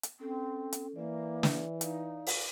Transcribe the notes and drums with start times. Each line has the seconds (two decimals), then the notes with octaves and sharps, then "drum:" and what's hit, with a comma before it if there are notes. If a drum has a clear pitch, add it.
0.03 drum: hi-hat
0.20 C4 C#4 A4
0.73 drum: hi-hat
0.96 E3 A#3 D5 E5
1.43 drum: snare
1.81 D#4 D5 F5, drum: hi-hat
2.27 drum: open hi-hat